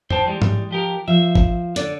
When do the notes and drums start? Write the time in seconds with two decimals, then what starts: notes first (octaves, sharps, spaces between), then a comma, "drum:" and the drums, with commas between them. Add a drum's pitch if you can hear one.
0.10 C5 G5 A5, drum: tom
0.25 E3 G3 G#3
0.42 drum: tom G#2
0.71 F3 G4 A#4
1.08 F3 E5
1.35 drum: kick A1
1.76 D3 D5, drum: hi-hat